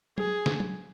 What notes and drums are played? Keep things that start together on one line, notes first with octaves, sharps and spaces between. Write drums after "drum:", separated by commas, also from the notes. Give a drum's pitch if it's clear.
G#4, drum: tom F#3
drum: snare
drum: tom F#3